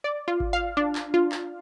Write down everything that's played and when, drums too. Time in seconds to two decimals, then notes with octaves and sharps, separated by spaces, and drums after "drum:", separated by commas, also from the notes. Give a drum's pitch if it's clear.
0.04 D5
0.28 F4
0.40 drum: kick G#1
0.53 F5
0.77 D4
0.95 drum: clap
1.14 F4
1.32 drum: clap